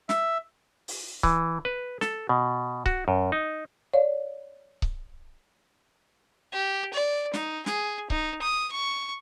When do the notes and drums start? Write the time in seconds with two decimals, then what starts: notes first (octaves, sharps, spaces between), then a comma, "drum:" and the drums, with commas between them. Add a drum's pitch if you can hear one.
0.09 E5, drum: snare
0.88 drum: open hi-hat
1.23 E3, drum: kick C#1
1.65 B4
2.01 A4, drum: snare
2.29 B2
2.86 F#4, drum: kick C#1
3.08 F#2
3.32 D#4
3.94 C#5 D5 F5
4.82 drum: kick C#1
6.53 G4
6.93 D5
7.33 D#4, drum: snare
7.66 G#4, drum: snare
8.10 D#4, drum: kick C#1
8.41 D#6
8.71 C#6